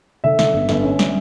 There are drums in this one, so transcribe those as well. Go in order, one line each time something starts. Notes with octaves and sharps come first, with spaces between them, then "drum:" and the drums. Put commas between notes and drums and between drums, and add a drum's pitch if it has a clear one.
D3 E5
D3, drum: snare
G1
G1, drum: snare
C#4
G3, drum: snare